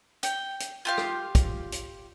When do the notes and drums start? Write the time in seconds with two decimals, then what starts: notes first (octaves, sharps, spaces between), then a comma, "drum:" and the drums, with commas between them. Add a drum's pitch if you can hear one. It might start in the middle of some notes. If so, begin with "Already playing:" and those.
0.23 G5, drum: hi-hat
0.60 drum: hi-hat
0.85 F4 G4 F5
0.98 drum: rim click
1.35 drum: kick, hi-hat
1.72 drum: hi-hat